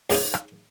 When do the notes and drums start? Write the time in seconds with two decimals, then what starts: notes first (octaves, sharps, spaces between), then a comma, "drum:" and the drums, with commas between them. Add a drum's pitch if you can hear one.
0.10 C#2 C#3 G#3 D#4, drum: open hi-hat
0.34 drum: rim click